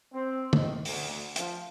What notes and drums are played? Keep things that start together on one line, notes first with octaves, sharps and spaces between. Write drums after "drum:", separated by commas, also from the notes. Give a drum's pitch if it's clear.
C4
D#3, drum: tom
D2, drum: open hi-hat
F3, drum: hi-hat